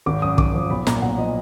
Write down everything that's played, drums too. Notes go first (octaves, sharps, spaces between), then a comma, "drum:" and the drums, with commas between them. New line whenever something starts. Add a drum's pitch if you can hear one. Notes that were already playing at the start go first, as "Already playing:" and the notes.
G#1 D6
F#2 D#6
G#1 D6, drum: kick
F3
B1 B5
A#2 A#5, drum: snare
B1 F#5
F3 D#5